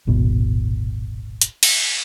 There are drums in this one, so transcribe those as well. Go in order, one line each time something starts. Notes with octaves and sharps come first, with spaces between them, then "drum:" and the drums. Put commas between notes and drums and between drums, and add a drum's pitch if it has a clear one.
D#1 G#1 B2
drum: hi-hat
drum: cymbal